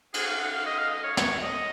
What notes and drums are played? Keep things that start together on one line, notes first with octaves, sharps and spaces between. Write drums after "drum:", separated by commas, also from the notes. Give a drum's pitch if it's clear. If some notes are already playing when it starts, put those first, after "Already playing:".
G#4, drum: cymbal
F5
F#5
F5
D#5
F5
D#5
C#5
C#5, drum: snare
D#5